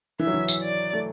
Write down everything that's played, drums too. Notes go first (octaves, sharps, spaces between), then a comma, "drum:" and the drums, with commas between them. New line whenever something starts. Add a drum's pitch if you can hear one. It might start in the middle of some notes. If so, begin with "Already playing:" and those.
E3 E5
F#3
E3
drum: tambourine
D5
A3